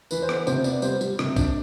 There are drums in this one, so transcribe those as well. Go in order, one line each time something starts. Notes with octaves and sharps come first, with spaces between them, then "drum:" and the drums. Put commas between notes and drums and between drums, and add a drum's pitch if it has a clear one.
E3 B4, drum: tambourine
C5
B3, drum: rim click
C3 C5, drum: tambourine
B3 D5, drum: tambourine
G3 C5, drum: tambourine
G3, drum: tambourine
C3, drum: rim click
D4, drum: kick, tambourine